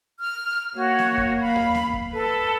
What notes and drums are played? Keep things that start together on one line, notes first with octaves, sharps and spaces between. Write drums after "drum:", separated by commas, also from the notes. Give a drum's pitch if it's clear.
F6
A#3 F#4 C#5
drum: snare B3
drum: kick F2
F5 B5
drum: tom D#2
drum: snare B3
drum: kick F2
A4 B4